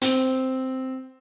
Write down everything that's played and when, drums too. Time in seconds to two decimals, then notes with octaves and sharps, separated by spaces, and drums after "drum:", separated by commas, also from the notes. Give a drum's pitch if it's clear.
0.02 C4, drum: hi-hat